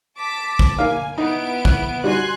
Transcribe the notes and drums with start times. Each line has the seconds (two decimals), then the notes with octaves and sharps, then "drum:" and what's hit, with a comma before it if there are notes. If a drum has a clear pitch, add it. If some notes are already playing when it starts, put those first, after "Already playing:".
0.18 A5 D6 B6
0.59 drum: kick
0.79 A#3 F5 G#5
1.18 B3 D#4 E4 D7
1.65 F#6, drum: kick
2.04 G3 F#4 G#5 C6 F#6